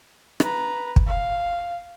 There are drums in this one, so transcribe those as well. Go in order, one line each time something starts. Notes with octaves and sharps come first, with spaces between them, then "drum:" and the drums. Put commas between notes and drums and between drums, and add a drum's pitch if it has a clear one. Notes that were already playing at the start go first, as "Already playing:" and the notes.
B4 A#5, drum: rim click
drum: kick
F5